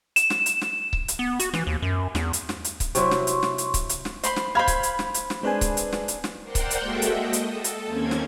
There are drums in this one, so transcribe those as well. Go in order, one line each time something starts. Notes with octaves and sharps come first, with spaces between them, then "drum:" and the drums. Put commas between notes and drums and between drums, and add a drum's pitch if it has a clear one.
E7, drum: hi-hat
drum: snare
drum: hi-hat
drum: snare
drum: kick C#1
drum: hi-hat
B3
F#4, drum: hi-hat
E3, drum: snare
D#2
F#2
E2, drum: snare
drum: hi-hat
drum: snare
drum: hi-hat
drum: kick C#1, hi-hat
C3 F#3 E4 C6 C#6, drum: hi-hat
drum: snare
drum: hi-hat
drum: snare
drum: hi-hat
drum: kick C#1, hi-hat
drum: hi-hat
drum: snare
C5 B5 C6, drum: hi-hat
drum: snare
C5 F5 B5 G#6
drum: kick C#1, hi-hat
drum: hi-hat
drum: snare
drum: hi-hat
drum: snare
G#3 C4 D4 G#4 B4 G#5
drum: kick C#1, hi-hat
drum: hi-hat
drum: snare
drum: hi-hat
drum: snare
A#4 C5 D5 F#5 G5 C6
drum: kick C#1, hi-hat
drum: hi-hat
G#3 A#3 F#4 A4 E5 G5
drum: hi-hat
D#5
drum: hi-hat
A4
drum: hi-hat
D#2 A#3 C4 C#4 G#6
drum: snare